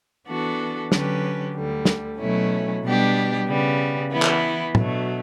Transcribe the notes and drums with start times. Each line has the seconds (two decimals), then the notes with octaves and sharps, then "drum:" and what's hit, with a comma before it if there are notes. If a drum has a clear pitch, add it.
0.27 E3 B3 D4 F#4 A4
0.92 D3 F#3 C#4 G4 B4, drum: snare
1.55 D2 D3 G3
1.85 drum: snare
2.19 B2 F#3 A3 C#4 E4
2.83 B2 G3 B3 D4 G4
3.47 C#3 G3 B3
4.12 E3 B3 E4
4.22 drum: clap
4.75 B2 F#3 A3 D4, drum: tom